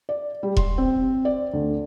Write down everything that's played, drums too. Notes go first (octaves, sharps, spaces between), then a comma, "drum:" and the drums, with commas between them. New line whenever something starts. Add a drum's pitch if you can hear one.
D5
G3
C6, drum: kick E1
C4
D5
D2